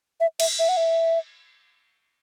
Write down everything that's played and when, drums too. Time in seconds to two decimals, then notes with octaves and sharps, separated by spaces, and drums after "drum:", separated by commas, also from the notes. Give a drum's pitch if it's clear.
0.20 E5
0.40 E5, drum: cymbal
0.59 E5
0.69 F#5
0.77 E5